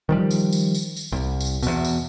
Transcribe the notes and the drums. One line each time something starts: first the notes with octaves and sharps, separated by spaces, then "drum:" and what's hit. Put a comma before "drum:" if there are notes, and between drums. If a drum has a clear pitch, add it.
D#3 F3 G3
drum: tambourine
drum: tambourine
drum: tambourine
drum: tambourine
C2
drum: tambourine
E2 B2, drum: tambourine
drum: tambourine